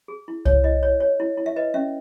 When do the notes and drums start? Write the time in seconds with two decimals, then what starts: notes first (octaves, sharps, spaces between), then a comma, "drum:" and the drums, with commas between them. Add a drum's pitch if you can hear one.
0.08 G#4
0.28 E4
0.45 C#5, drum: kick C2
0.64 E4 D#5
0.83 C#5
1.00 C#5
1.20 E4
1.37 E4
1.46 E5
1.56 B4 D#5
1.74 C#4 E5